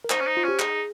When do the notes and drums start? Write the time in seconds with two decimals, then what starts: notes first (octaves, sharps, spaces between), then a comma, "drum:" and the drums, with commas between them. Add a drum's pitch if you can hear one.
0.04 A#4
0.10 D#4 C5, drum: clap
0.20 C#4
0.27 D#4
0.37 F4
0.44 C#4 G4
0.59 D#4 G#4, drum: clap